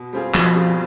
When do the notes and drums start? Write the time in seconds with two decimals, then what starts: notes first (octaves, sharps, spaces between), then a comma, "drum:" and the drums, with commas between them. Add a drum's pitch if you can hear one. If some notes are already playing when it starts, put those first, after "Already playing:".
Already playing: B2
0.13 G3 C4 F4 G#4
0.34 B2 F3, drum: clap
0.56 G3 C4 F4 G#4